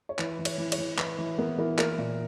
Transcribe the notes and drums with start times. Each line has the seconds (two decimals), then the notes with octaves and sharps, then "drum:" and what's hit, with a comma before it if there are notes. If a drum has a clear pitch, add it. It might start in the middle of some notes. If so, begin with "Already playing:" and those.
0.09 C#5
0.19 E3 B4, drum: clap
0.39 E3
0.45 C#5, drum: cymbal
0.58 E3
0.72 C#5, drum: cymbal
0.78 E3
0.98 E3 B4, drum: clap
1.18 E3 B4
1.38 B3 A#4
1.58 E3 A#4
1.78 A#3 A#4, drum: clap
1.98 A#2